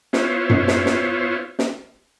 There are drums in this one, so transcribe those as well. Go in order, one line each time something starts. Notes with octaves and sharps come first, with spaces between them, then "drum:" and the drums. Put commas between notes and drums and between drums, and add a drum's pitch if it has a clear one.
B3 E4 F4 C5 C#5, drum: snare
drum: tom F#2
drum: snare
drum: snare
drum: snare